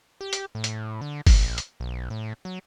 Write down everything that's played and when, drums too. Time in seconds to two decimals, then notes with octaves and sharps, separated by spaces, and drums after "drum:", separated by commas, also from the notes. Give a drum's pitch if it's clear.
0.21 G4
0.33 drum: hi-hat
0.55 A2
0.64 drum: hi-hat
1.01 D3
1.27 A#1, drum: kick G1, open hi-hat
1.58 drum: hi-hat
1.80 B1
2.10 A2
2.45 F#3